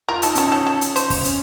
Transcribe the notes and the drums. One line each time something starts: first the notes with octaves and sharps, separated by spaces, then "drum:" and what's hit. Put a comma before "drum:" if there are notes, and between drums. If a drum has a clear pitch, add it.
F4 A#4
D#4 A4, drum: hi-hat
C#4 A4, drum: hi-hat
D#4 A4
A4
drum: hi-hat
C5, drum: hi-hat
drum: kick, open hi-hat
C#4, drum: hi-hat